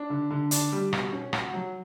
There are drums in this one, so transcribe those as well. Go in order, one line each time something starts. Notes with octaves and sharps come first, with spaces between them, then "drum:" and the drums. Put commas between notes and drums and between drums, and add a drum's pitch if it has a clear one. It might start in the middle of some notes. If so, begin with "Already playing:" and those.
Already playing: D4
D3
D3
D4, drum: hi-hat
G3
B2, drum: rim click
C#4
F#4, drum: rim click
F#3